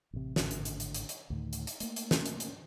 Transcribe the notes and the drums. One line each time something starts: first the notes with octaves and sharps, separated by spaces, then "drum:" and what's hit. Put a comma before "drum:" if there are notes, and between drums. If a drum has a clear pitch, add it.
A1 C3
G#1 A2 D3, drum: snare
drum: hi-hat
drum: hi-hat
drum: hi-hat
drum: hi-hat
drum: hi-hat
D2 A2 D#3
drum: hi-hat
drum: hi-hat
A3 A#3, drum: hi-hat
drum: hi-hat
drum: snare
drum: hi-hat
drum: hi-hat